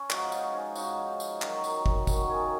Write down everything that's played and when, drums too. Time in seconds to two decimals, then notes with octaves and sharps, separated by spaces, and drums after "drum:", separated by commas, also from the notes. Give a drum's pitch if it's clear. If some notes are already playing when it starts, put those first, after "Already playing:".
Already playing: C#4
0.10 G#2 F3 D#4 F#4, drum: clap
0.27 F4
0.32 D#4 F#4, drum: tambourine
0.54 C#4 F4
0.76 G#2 F3 D#4 F#4, drum: tambourine
1.20 drum: tambourine
1.42 F#2 D#3 F#3, drum: clap
1.64 drum: tambourine
1.86 drum: kick
2.07 F#2 D#3 F#3, drum: kick, tambourine
2.29 F4 G#4